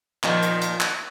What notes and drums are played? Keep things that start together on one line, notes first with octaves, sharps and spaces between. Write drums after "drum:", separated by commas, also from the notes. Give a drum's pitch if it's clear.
A#2 D#3 F3, drum: clap
drum: hi-hat
drum: hi-hat
drum: clap